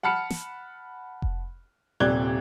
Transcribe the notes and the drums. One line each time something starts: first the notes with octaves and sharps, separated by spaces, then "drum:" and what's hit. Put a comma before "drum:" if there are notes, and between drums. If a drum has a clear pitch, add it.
F#5 A5 B5 F6 C#7
drum: snare
drum: kick F1
D#1 C3 D5 F#6 G#6 G7